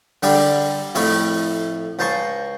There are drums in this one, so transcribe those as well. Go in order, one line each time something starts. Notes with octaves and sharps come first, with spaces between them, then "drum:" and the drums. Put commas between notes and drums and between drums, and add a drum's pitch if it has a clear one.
D3 G3 D4 G4, drum: open hi-hat
F2 A2 A3 B5, drum: open hi-hat
C#2 C5 A5 A#5 C6 C#6